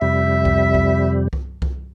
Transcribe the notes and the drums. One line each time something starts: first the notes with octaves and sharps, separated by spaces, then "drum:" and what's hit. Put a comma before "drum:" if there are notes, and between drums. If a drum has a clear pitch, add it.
F2 C3 G3 E5
drum: kick C2
drum: kick C2
drum: kick C2
drum: kick C2